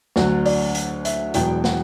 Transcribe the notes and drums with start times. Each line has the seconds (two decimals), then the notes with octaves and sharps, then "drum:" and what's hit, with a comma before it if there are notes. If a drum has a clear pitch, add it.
0.16 D2 D3 F#3, drum: snare
0.46 D5, drum: open hi-hat
0.75 drum: hi-hat
1.05 E5, drum: hi-hat
1.34 E1 E2 B2 F#3 G5, drum: hi-hat
1.64 F#5, drum: snare